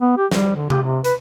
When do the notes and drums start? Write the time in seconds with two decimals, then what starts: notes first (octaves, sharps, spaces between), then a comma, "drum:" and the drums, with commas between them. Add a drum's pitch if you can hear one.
0.01 B3
0.17 G4
0.31 G3, drum: snare
0.55 D3
0.70 G4, drum: tom C3
0.83 C3
1.04 B4, drum: hi-hat